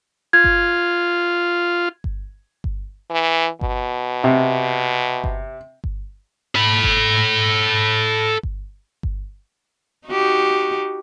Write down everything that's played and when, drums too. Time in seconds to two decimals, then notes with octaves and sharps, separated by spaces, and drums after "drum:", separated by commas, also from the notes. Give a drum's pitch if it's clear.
0.33 F4 G#6
0.44 drum: kick G1
2.04 drum: kick G1
2.64 drum: kick G1
3.11 E3
3.61 B2, drum: kick G1
4.24 C3
5.24 drum: kick G1
5.84 drum: kick G1
6.55 A4 B5
6.84 drum: kick G1
8.43 drum: kick G1
9.03 drum: kick G1
10.07 D#4 F#4 G4